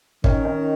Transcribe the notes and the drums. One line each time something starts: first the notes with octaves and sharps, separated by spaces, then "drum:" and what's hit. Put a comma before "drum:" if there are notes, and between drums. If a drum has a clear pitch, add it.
D#3 C#4, drum: kick
C#4